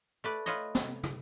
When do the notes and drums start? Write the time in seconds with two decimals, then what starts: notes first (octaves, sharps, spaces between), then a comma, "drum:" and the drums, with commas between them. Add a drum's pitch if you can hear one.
0.24 A3 B4 D5
0.46 F4 B4 C#5 D#5, drum: hi-hat
0.75 drum: snare
1.03 drum: tom